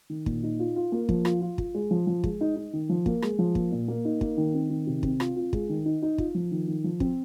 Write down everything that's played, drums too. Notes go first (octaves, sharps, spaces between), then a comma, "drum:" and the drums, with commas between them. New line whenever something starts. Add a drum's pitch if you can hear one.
D#3
A#2, drum: kick
D#4
F4
F4
A#3
F3, drum: kick
F4, drum: rim click
F4
F4, drum: kick
G#3
F3
F3
G#3, drum: kick
D#4
D#4
D#3
F3
A#3, drum: kick
G#3, drum: rim click
F3
A#3, drum: kick
A#2
A#3
D#4
A#3, drum: kick
D#3
C4
D#3
C3
C4, drum: kick
F4, drum: rim click
F4
G#3, drum: kick
D#3
D#4
D#4
F4, drum: kick
F3
D#3
D#3
F3
C4, drum: kick